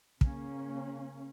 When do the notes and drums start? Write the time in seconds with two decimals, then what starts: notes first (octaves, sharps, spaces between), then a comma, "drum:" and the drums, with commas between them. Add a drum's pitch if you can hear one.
0.21 C#3 A#3 C#4, drum: kick